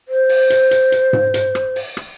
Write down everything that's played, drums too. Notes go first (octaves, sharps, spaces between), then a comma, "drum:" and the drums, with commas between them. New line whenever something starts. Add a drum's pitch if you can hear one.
C5
drum: open hi-hat
drum: hi-hat
drum: hi-hat
drum: hi-hat
drum: tom G#2
drum: hi-hat
drum: rim click
drum: open hi-hat
drum: rim click